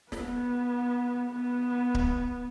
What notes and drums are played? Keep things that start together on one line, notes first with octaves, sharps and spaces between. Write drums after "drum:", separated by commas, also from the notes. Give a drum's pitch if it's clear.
B3, drum: snare
B3
drum: kick D1